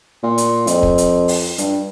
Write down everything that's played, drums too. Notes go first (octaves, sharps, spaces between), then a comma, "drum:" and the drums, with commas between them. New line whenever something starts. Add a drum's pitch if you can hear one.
A#2
drum: hi-hat
F2, drum: hi-hat
drum: kick
drum: hi-hat
drum: open hi-hat
G2, drum: hi-hat